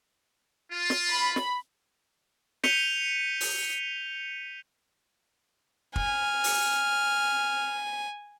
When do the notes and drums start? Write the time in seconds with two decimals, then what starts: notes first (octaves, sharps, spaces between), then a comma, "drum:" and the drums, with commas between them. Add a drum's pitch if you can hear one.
0.72 F4
0.90 drum: snare
1.10 B5
1.36 drum: snare
2.64 G6 B6 C#7 D#7 F7 G7, drum: snare
3.40 drum: open hi-hat
5.96 G#5 F6, drum: kick
6.44 drum: open hi-hat